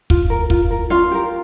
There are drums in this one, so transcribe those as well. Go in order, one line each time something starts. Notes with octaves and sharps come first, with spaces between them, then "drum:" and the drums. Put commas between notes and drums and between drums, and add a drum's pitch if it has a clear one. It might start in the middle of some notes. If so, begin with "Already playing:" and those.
F4, drum: kick
A#4
F4, drum: kick
A#4
C#4 F4 F5
G4 A#4